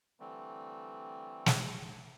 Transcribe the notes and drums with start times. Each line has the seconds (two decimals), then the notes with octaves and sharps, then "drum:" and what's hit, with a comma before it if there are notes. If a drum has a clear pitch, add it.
0.20 D3 E3 G3 A3 C4
1.46 drum: snare